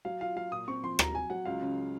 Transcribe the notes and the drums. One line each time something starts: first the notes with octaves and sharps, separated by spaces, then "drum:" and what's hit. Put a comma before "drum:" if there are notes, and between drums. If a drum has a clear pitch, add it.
F#3 F5
F4 F5
F#3 F5
A#2 D#6
C4 C#6
F3 C6
F#3 A#5, drum: rim click
F#3 G#5
F#3 F#5
C#2 F5
C#3